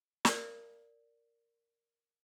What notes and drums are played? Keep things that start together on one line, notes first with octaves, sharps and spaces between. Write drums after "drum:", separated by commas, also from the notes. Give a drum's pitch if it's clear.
A#4 D5, drum: snare